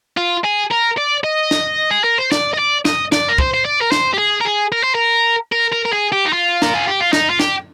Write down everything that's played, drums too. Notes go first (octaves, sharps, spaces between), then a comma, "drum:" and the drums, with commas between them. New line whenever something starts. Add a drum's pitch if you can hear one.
F4
G#4
A#4
D5
D#5
drum: snare
G#4
A#4
C5
D5, drum: snare
D#5
D5
D#5, drum: snare
D5, drum: snare
A#4
C5, drum: kick
C5
D5
A#4
C5, drum: snare
G4
G#4
A#4
G#4
A#4
C5
A#4
A#4
A#4
A#4
G#4
G4
D#4
F4
A#4, drum: snare
G#4
G4
F4
D#4, drum: snare
F4
G4, drum: snare